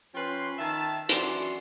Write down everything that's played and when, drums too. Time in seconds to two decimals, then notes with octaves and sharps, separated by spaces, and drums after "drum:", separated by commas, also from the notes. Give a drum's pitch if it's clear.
0.15 F3 C#4 B4 G5 C6
0.59 D#3 E5 A5
1.09 F#2 E3 D4 F#4 C6, drum: hi-hat